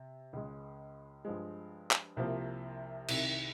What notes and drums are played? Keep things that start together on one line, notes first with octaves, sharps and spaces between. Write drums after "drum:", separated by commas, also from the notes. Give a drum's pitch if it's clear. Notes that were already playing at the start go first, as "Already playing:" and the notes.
Already playing: C3
C#2 C#3 G#3
G2 F3 G#3
drum: clap
C2 C3 F3 A#3
C2 C3 D#3, drum: cymbal